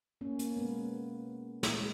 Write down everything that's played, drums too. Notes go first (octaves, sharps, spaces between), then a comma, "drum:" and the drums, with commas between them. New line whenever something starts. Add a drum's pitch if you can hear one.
A#3 C#4
A#3, drum: hi-hat
B2 G#3 B3
A#2 G#3, drum: snare